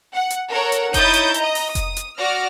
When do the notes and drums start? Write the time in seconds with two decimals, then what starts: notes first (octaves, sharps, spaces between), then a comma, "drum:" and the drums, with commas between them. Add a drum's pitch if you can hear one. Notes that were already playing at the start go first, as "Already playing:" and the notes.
0.16 F#5
0.30 drum: hi-hat
0.51 A4 A#4 C#5 F#5 A#5
0.72 drum: hi-hat
0.94 D#4 E4 C#5 D#6 G6 A6, drum: kick F1, hi-hat
1.14 drum: hi-hat
1.34 D#5 A#5, drum: hi-hat
1.55 drum: open hi-hat
1.75 D#6, drum: kick F1, hi-hat
1.97 drum: hi-hat
2.18 F#4 D5 F6 A#6